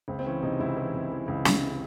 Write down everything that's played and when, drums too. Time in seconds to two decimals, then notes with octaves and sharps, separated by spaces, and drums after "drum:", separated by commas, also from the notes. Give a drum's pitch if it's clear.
0.08 C#2 C4
0.19 C4
0.25 E3 C#4
0.42 C3 D#4
0.59 C#2 E4
0.77 E3
0.94 C3
1.12 E3
1.28 C#2
1.45 C3, drum: snare